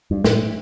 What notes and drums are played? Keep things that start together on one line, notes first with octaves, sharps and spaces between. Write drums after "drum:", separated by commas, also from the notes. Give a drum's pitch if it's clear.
G2
A2, drum: snare